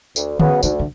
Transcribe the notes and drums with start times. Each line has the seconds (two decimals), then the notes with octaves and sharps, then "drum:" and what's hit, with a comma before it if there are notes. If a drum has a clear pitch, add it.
0.16 D2, drum: tambourine
0.40 C#3 E3 F#3 B3, drum: tom D3
0.63 D2 D#3, drum: tambourine
0.79 D3